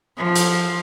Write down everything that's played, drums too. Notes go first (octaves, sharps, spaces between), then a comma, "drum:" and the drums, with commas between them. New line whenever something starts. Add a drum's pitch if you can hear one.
F3
drum: hi-hat